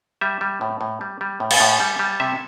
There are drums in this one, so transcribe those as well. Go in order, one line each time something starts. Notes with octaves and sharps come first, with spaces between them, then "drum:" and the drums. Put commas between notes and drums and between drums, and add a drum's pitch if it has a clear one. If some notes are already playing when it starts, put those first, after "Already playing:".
G3 E5
G3
A2
A2
G3
G3
A2
drum: cymbal
A2
G3
G3
C3 E5